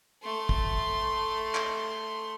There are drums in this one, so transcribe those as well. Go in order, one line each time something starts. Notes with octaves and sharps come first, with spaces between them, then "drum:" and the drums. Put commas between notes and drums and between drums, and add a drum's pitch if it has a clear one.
A3 C6
drum: kick
drum: clap